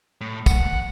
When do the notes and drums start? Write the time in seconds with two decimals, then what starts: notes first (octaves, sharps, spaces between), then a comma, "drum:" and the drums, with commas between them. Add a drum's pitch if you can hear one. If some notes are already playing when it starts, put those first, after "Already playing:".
0.21 A2
0.46 F#5, drum: kick, tambourine